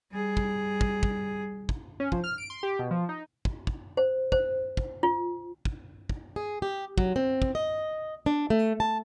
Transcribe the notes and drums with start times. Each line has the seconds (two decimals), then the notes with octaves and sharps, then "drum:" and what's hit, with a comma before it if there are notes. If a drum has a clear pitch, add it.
0.11 G3 G#4
0.37 drum: kick
0.81 drum: kick
1.03 drum: kick
1.69 drum: kick
2.00 C#4
2.12 F3, drum: kick
2.24 F6
2.38 D7
2.50 C6
2.63 G4
2.79 B2
2.91 F3
3.09 D#4
3.45 drum: kick
3.67 drum: kick
3.97 C5
4.32 C5, drum: kick
4.77 drum: kick
5.03 F4
5.65 drum: kick
6.09 drum: kick
6.36 G#4
6.62 G4
6.98 F#3, drum: kick
7.16 C4
7.42 drum: kick
7.55 D#5
8.26 D4
8.50 A3
8.80 A5